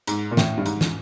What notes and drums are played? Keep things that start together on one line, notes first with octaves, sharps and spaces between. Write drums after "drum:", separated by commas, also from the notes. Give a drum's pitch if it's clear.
G#2, drum: hi-hat
A#2
A2, drum: snare
G2
G#2, drum: hi-hat
drum: snare